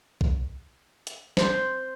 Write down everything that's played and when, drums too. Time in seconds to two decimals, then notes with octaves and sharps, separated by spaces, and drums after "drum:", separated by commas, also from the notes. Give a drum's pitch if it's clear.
0.21 drum: kick
1.07 drum: hi-hat
1.37 C5, drum: snare